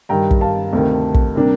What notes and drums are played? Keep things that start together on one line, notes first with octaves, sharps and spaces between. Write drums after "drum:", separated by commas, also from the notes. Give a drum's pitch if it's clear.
G2 D#3 G3 G5 A#5
drum: kick
F5 A5
D2 C3 D#3
drum: kick
C3 G3 A#3 D4